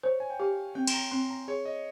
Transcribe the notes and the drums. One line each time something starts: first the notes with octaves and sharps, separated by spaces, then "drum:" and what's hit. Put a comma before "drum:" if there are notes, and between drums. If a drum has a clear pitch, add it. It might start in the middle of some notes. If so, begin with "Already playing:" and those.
C5 C#5
G#5
G5
G4 F5
C4 G5
C6, drum: cymbal
A#5
C4 C6
A#5
G#4 C#5
D#5